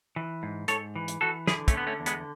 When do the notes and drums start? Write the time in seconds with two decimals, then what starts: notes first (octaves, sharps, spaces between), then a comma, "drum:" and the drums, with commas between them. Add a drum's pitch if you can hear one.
0.16 E3
0.43 G#2
0.68 G#2 A4 C#5, drum: hi-hat
0.96 E3
1.08 drum: hi-hat
1.21 E3 F#4 A4
1.47 D3 E4 G#4, drum: snare
1.68 A3 C#4, drum: kick, hi-hat
1.74 D3 B3
1.87 A3 C#4
2.00 E2
2.06 G#3 B3, drum: hi-hat